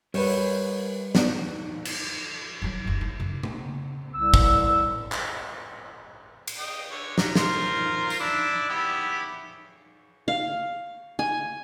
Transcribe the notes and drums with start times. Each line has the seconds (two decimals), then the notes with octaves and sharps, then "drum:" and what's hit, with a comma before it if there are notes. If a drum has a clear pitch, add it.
0.14 G3 A#4 B4 C#5, drum: open hi-hat
1.15 B3 D5, drum: snare
1.85 drum: cymbal
2.62 D#3 F#3
2.85 F#1 D#2
3.01 E4
3.20 F#2 C#3
3.43 drum: tom C#3
4.12 C2 G3 E6
4.34 drum: kick
5.12 drum: clap
6.48 drum: cymbal
6.58 D#5 G5
6.91 D3 C#5
7.18 F#3 G3 A#5, drum: snare
7.35 F4 A#4 C5, drum: snare
8.10 drum: tambourine
8.20 D4 E4 D5
8.69 B3 E4 G4
10.28 F5
11.19 G#5